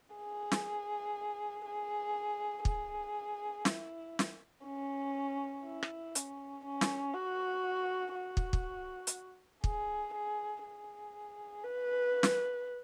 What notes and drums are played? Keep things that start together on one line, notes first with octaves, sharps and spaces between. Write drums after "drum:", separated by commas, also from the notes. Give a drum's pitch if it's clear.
G#4
drum: snare
G#4
G#4, drum: kick
E4, drum: snare
drum: snare
C#4
E4
drum: rim click
C#4, drum: hi-hat
C#4
drum: snare
F#4
F#4
drum: kick
drum: kick
drum: hi-hat
G#4, drum: kick
G#4
G#4
B4
drum: snare